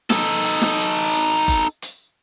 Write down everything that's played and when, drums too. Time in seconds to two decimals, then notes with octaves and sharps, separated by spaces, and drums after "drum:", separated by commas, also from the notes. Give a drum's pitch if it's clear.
0.10 D#4 A4, drum: snare
0.44 drum: hi-hat
0.62 drum: snare
0.79 drum: hi-hat
1.13 drum: hi-hat
1.48 drum: kick F#1, hi-hat
1.82 drum: hi-hat